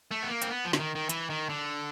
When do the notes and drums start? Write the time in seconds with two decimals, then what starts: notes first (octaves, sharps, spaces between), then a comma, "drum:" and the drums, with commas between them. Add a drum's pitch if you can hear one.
0.11 A3
0.23 B3
0.30 A#3
0.42 C4, drum: hi-hat
0.50 B3
0.65 F3
0.73 D3, drum: snare
0.80 D#3
0.95 D#3
1.09 E3, drum: hi-hat
1.30 D#3
1.49 D3